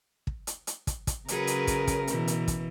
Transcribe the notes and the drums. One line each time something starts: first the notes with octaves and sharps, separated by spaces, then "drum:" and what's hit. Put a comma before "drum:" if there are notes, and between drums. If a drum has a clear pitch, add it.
drum: kick
drum: hi-hat
drum: hi-hat
drum: kick, hi-hat
drum: kick, hi-hat
C#3 F#3 G#4 A#4 B4, drum: hi-hat
drum: hi-hat
drum: kick, hi-hat
drum: kick, hi-hat
B2 E3, drum: hi-hat
drum: hi-hat
drum: kick, hi-hat